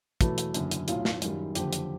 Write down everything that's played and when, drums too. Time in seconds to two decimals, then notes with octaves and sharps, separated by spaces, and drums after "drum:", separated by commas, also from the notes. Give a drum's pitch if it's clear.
0.21 E2 B2 F#3 A3 E4, drum: kick, hi-hat
0.38 drum: hi-hat
0.54 F#1 F#2 D3, drum: hi-hat
0.71 drum: hi-hat
0.88 B1 A2 F#3 F4, drum: hi-hat
1.05 drum: snare
1.22 F#2 D#3 G3, drum: hi-hat
1.55 F#1 F2 D3 G4, drum: hi-hat
1.73 drum: hi-hat